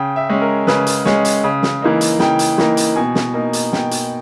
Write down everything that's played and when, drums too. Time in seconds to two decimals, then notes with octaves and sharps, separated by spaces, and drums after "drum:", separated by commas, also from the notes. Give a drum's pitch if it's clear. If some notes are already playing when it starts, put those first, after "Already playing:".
Already playing: C#3 G5
0.16 E5
0.30 G#3 C#4
0.42 A#4
0.67 C#3 B4, drum: snare
0.87 drum: hi-hat
1.05 G#3 C#4, drum: snare
1.25 drum: hi-hat
1.44 C#3
1.63 drum: snare
1.82 E3 A#3 D#4
2.01 drum: hi-hat
2.19 C#3 G5, drum: snare
2.39 drum: hi-hat
2.58 E3 A#3 D#4, drum: snare
2.77 drum: hi-hat
2.96 B2 G#5
3.15 drum: snare
3.34 A#3 D#4
3.53 drum: hi-hat
3.73 B2 G5, drum: snare
3.91 drum: hi-hat